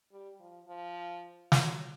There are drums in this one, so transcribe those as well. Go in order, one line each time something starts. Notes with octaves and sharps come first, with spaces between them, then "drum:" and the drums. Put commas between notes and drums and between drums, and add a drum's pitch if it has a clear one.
G3
F3
F3
F#3, drum: snare